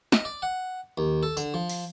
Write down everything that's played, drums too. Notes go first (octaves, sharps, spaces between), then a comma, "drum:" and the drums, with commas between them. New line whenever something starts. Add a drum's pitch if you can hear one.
D#5, drum: snare
D5
F#5
D#2
A4
D3, drum: tambourine
F3
drum: open hi-hat